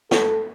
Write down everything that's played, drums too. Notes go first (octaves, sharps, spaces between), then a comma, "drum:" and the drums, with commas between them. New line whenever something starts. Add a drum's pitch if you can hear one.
A4, drum: snare